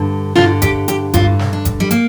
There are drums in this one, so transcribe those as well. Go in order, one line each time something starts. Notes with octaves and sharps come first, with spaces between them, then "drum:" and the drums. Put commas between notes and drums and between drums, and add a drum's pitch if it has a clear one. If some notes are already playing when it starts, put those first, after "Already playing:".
Already playing: G2 D3
G2 D3 F4, drum: snare
G4, drum: kick F#1, hi-hat
G4, drum: hi-hat
G2 D3 F4, drum: kick F#1, hi-hat
drum: snare
D4
drum: kick F#1, hi-hat
G3
A#3, drum: hi-hat